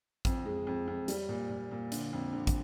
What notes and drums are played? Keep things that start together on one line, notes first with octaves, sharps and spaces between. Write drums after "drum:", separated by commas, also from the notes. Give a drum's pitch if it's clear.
F2, drum: kick, hi-hat
G#3
F2
F2
G3, drum: hi-hat
A#2
A#2
A#2
D3, drum: hi-hat
F2
D3
drum: kick, hi-hat